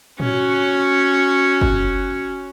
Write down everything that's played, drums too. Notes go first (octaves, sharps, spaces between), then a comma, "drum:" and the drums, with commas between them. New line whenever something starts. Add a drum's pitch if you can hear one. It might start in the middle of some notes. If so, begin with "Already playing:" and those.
C#4 F#4, drum: tom
drum: kick